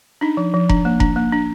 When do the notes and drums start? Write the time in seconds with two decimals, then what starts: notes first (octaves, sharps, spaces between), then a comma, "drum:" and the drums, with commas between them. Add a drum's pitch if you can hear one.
0.21 D4 D#4
0.37 F3
0.54 F3
0.69 D4, drum: kick F1
0.85 A#3
1.00 D4, drum: kick F1
1.16 A#3
1.33 D4